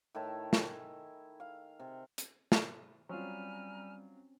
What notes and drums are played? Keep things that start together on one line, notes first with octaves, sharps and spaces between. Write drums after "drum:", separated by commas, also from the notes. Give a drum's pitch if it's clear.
A2 D#3 E4 A5
G#5, drum: snare
F5
C3
drum: hi-hat
drum: snare
F#3 G3 C4 C#4 F4 G#5 A#5 F6